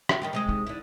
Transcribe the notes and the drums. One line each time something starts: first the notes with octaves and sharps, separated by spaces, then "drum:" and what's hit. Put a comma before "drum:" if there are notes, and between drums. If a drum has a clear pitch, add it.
drum: rim click
D#3 G3 G4
C3 G#3 D#5
D#4
D3 E4